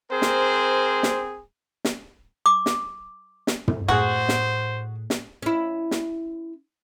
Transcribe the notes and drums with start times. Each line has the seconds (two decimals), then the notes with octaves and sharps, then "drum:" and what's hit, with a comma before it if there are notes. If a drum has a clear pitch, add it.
0.10 C4 G#4 A#4 C5
0.22 drum: snare
1.03 drum: snare
1.85 drum: snare
2.46 D6
2.66 drum: snare
3.47 drum: snare
3.68 drum: tom
3.88 A2 F#4 G#4 C5 F#5
4.29 drum: snare
5.10 drum: snare
5.42 C#4 E4
5.91 drum: snare